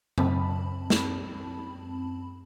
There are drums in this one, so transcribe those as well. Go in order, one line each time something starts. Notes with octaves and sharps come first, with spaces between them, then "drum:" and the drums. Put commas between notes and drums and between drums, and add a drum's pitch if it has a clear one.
F#2 C4 A5 B5, drum: tom C#3
drum: snare